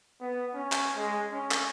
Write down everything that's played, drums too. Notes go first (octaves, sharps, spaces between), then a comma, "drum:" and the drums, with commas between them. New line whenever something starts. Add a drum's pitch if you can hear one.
B3
C#4
drum: clap
G#3
C#4
drum: clap